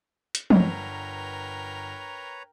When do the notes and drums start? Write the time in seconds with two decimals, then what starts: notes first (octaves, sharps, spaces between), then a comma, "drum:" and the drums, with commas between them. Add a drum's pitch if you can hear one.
0.35 drum: hi-hat
0.50 G1 A#4 B4 C#5 G5 A#5, drum: tom